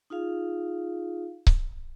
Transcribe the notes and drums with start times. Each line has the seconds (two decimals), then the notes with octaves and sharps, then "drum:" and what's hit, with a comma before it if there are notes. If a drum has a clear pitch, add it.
0.10 D#4 F4 G#4 F5
1.47 drum: kick C#1